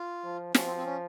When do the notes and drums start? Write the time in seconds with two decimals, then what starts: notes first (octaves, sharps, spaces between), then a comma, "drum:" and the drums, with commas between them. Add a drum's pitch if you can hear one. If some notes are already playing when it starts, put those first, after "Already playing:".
Already playing: F4
0.24 F3
0.54 F3 C#4, drum: snare
0.65 C4
0.76 C4
0.85 C#4